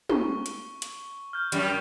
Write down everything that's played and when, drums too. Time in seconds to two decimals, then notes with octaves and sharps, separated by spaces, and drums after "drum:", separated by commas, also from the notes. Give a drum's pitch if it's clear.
0.09 C#6 G7, drum: tom
0.46 drum: hi-hat
0.82 drum: hi-hat
1.33 F6 G6
1.52 F#2 G3, drum: hi-hat